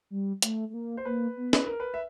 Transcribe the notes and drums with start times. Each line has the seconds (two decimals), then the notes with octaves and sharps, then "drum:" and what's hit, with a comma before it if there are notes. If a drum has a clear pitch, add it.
0.10 G3
0.42 A3, drum: hi-hat
0.70 A3
0.74 A#3
0.97 C5
1.05 A#3 B4
1.37 B3
1.53 B4, drum: snare
1.66 A#4
1.80 B4
1.94 E5